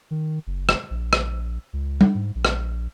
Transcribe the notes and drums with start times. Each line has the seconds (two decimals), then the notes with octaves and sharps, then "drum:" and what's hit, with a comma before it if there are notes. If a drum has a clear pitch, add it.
0.11 D#3
0.47 F#1
0.69 drum: rim click
0.91 A#1
1.13 drum: rim click
1.73 C#2
2.01 drum: tom G3
2.15 G#2
2.35 A#1
2.45 drum: rim click